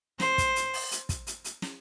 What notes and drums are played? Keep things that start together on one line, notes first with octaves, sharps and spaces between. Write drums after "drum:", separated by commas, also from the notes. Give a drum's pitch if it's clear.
C5, drum: snare
drum: kick, hi-hat
drum: hi-hat
drum: open hi-hat
drum: hi-hat
drum: kick, hi-hat
drum: hi-hat
drum: hi-hat
drum: snare